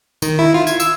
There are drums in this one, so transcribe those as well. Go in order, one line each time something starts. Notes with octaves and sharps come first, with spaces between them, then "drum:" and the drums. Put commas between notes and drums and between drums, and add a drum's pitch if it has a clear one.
D#3, drum: tambourine
E4
F4
G#6, drum: tambourine
E6, drum: tambourine